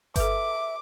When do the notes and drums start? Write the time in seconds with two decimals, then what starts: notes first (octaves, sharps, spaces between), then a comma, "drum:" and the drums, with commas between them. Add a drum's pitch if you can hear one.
0.16 A4 B4 E5 D6, drum: kick G1, hi-hat